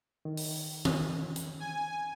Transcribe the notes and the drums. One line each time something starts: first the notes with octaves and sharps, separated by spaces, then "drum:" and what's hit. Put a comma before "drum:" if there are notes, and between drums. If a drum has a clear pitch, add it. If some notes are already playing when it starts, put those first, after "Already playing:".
D#3
drum: open hi-hat
drum: tom D#3
drum: hi-hat
G#5